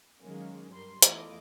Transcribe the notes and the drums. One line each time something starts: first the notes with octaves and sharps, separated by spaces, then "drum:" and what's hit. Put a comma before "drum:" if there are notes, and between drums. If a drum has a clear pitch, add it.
D#3 F#3 G#3 A#3 C#4
G2 G3 A#4 C6
E2 A3 E4 F4 D#5 D6, drum: hi-hat